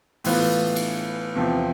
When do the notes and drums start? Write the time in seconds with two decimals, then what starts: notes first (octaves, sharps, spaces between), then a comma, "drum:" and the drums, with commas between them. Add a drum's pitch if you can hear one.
0.24 A2 E3 B3 F4, drum: open hi-hat
0.76 drum: cymbal
1.35 E2 C3 F3